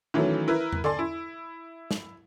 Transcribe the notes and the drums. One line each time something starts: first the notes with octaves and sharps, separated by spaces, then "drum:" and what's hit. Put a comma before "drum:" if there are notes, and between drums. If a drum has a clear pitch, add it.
D#3 E3 F#3 A3 C#4
E4 A#4 B4
drum: tom
A4 D5 G#5 C6, drum: tom
E4
drum: snare